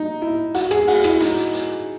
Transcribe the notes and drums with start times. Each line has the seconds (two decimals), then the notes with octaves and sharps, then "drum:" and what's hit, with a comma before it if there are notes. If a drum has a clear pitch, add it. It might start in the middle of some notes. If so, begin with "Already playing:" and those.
Already playing: D#4
0.22 E4
0.54 F#4, drum: hi-hat
0.71 G#4, drum: rim click
0.88 F#4, drum: open hi-hat
1.04 E4, drum: rim click
1.20 D#4, drum: hi-hat
1.37 drum: hi-hat
1.53 drum: hi-hat